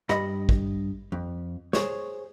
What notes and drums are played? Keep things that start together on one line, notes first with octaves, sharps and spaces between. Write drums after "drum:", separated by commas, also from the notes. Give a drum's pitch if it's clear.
G2 D#5 B5, drum: rim click
drum: kick
F2
G#4 C5 C#5, drum: snare